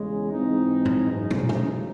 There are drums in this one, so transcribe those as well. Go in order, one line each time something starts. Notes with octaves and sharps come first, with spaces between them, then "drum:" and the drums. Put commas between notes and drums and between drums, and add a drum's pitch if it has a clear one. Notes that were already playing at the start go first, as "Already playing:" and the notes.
Already playing: E2 C#3 G#3
G#2 E3 C4 D#4
drum: tom G#2
F#2 C#3 E3 G#3 D#4
drum: tom
drum: tom G#3